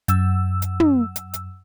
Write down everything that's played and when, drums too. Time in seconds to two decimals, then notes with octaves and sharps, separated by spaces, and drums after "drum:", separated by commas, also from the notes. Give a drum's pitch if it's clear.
0.08 F#2 E6, drum: hi-hat
0.62 drum: hi-hat
0.80 drum: tom
1.16 drum: hi-hat
1.34 drum: hi-hat